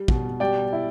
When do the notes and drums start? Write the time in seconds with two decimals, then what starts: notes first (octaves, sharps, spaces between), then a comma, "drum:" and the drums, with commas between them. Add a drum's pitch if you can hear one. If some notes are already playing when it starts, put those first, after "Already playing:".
Already playing: G3
0.08 B2, drum: kick
0.40 G3 D5 G5
0.73 E4